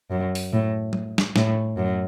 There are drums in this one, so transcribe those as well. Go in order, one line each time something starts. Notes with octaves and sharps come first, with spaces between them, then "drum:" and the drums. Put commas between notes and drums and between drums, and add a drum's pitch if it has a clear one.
F#2
drum: open hi-hat
A2
drum: tom F#3
drum: snare
A2, drum: snare
F#2